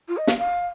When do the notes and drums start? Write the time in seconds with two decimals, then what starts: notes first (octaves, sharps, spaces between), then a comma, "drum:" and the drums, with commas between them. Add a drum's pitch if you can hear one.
0.08 F4
0.17 D#5
0.27 F5, drum: snare
0.38 F5